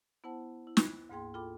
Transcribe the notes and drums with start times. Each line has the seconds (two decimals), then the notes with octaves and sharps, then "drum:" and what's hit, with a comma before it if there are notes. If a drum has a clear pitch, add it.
0.24 B3 E4 C5 F#5 A5
0.67 E4
0.77 drum: snare
1.09 D2 G#2 A#3 G#4 G5 C6
1.34 F4 A4 G5 B5 D6